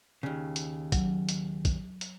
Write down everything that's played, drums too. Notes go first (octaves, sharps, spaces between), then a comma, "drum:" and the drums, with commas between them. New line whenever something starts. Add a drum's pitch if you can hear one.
D#2 C#3
drum: hi-hat
F#3, drum: kick, hi-hat
drum: hi-hat
drum: kick, hi-hat
drum: hi-hat